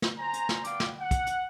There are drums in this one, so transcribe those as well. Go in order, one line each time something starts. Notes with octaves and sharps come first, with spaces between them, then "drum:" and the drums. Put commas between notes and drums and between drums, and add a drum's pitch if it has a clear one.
drum: snare
C5 G#5 A#5
drum: hi-hat
drum: snare
B3 D5 F5 G5 D6, drum: hi-hat
drum: snare
F#5
drum: kick, hi-hat
drum: hi-hat